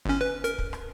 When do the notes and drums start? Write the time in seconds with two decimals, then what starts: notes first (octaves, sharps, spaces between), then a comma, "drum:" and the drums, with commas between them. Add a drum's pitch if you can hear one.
0.05 G1 C#4
0.21 B4
0.44 A#4, drum: hi-hat
0.58 drum: kick
0.73 drum: rim click